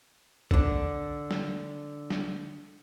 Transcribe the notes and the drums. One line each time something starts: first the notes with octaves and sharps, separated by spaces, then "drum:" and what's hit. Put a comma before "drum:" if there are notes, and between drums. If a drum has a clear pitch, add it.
D3 D4, drum: kick B1
drum: snare
drum: snare